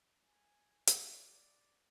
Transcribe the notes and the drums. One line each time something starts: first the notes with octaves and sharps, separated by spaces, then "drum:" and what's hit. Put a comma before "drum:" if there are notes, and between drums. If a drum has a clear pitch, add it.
G#5
drum: hi-hat
D5